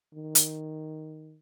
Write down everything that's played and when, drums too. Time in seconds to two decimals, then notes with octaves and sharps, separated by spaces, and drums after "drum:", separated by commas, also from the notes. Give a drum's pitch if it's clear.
0.14 D#3
0.35 drum: hi-hat